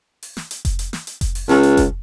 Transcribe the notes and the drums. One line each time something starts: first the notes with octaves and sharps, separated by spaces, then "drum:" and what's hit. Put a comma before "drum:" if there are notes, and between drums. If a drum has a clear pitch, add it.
drum: open hi-hat
drum: snare
drum: hi-hat
drum: kick F1, hi-hat
drum: hi-hat
drum: snare
drum: hi-hat
drum: kick F1, hi-hat
drum: open hi-hat
C#2, drum: snare
drum: hi-hat
drum: kick F1, hi-hat